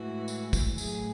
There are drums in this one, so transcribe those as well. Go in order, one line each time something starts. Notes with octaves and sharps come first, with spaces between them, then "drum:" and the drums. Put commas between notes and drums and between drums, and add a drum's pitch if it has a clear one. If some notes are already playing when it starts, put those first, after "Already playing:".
Already playing: A2 E3 G#3 F#4
drum: tambourine
drum: kick, tambourine
A2 F#3 G#4, drum: tambourine